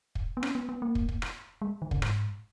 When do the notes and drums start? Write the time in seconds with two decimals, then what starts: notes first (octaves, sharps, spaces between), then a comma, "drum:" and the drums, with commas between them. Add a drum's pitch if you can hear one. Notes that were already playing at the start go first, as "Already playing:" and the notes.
0.15 drum: kick
0.37 B3
0.43 C#4, drum: rim click
0.55 B3
0.69 B3
0.82 A#3
0.95 drum: kick
1.09 drum: kick
1.22 drum: rim click
1.62 G#3
1.82 D#3
1.91 C#3, drum: kick
2.02 G#2, drum: rim click